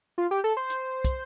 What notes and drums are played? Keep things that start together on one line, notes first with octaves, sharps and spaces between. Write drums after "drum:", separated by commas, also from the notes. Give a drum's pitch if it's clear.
F4
G4
A4
C5
drum: hi-hat
drum: kick, hi-hat